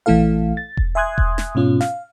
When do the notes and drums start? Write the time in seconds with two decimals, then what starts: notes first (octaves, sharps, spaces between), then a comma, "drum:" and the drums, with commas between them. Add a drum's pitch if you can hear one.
0.06 A#1 E3 A3 E4 A4 F5
0.57 A6
0.77 drum: kick E1
0.95 E5 G#5 C6 D#6 F#6 G#6
1.18 drum: kick E1
1.38 drum: snare
1.55 G#2 B2 C#4 F4
1.81 F5, drum: snare